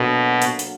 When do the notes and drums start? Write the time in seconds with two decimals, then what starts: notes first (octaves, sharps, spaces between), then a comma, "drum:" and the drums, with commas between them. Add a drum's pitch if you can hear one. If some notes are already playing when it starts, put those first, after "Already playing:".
Already playing: B2 D3 F#3 A#3
0.42 drum: hi-hat
0.59 drum: hi-hat